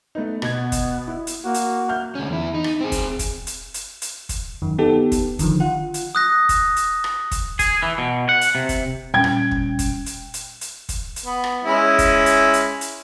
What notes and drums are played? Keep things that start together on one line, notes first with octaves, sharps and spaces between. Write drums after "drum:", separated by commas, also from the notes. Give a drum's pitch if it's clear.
A3 B3 D#4
B2 B3 G#6, drum: rim click
drum: kick, hi-hat
E4
drum: hi-hat
A#3 F#4
drum: hi-hat
E5 F6 G6
D2 C#4
E2 E4
D#4
drum: rim click
C4 G#4
drum: kick, hi-hat
drum: kick, hi-hat
drum: hi-hat
drum: hi-hat
drum: hi-hat
drum: kick, hi-hat
F#2 D#3
B3 D#4 G4 A4
drum: kick, hi-hat
D3 D#3 F3, drum: kick, hi-hat
F4 F#5
drum: hi-hat
D#6 F#6 A#6
drum: kick, hi-hat
drum: hi-hat
drum: rim click
drum: kick, hi-hat
G#4, drum: kick, hi-hat
E3
B2
F#5
drum: hi-hat
C3
drum: kick, hi-hat
A#2 G3 C#4 G5 G#6
drum: rim click
drum: kick
drum: kick, hi-hat
drum: hi-hat
drum: hi-hat
drum: hi-hat
drum: kick, hi-hat
drum: hi-hat
B3
drum: rim click
G#3 C#4 E4
drum: kick, hi-hat
drum: hi-hat
drum: hi-hat
drum: hi-hat